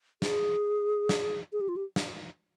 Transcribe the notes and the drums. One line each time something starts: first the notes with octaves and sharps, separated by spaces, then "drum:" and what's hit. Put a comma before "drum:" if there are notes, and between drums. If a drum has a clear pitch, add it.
G#4, drum: snare
drum: snare
G#4
G4
F4
G4
drum: snare